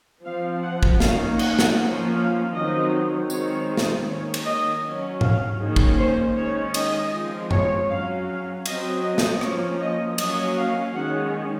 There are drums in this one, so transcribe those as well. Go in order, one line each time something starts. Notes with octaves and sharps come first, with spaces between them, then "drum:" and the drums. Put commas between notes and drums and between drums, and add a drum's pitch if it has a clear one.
F3 C4 F5
F#5
drum: kick
D#3 A#3 C#4 F5, drum: snare
F#5, drum: cymbal
drum: snare
F3 A#3 C#4
F5
D#3 F#3 C4 D#5
D#3 G#3 C4 C#5, drum: tambourine
drum: snare
D#3 A#3 C#4 C#5
drum: cymbal
D#5
F#3 C#4
F5, drum: tom G#2
D#3 A#3 C#4 G#4
drum: kick
C5
D#3 G#3 C#4 C#5
D#5, drum: cymbal
F3 G#3 C4
C#5, drum: tom F#2
F#3 C#4 F5
F5
F#3 C4 D#5, drum: cymbal
D#5
drum: snare
F3 A#3 C#4 C#5, drum: rim click
D#5
F#3 A#3 C#4 D#5, drum: cymbal
F5
D#3 G#3 C#4 F#5